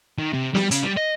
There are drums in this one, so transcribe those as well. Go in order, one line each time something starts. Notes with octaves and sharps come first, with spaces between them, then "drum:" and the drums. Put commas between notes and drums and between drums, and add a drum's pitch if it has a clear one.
D#3
C3
G3, drum: snare
C#3, drum: hi-hat
G3
D#5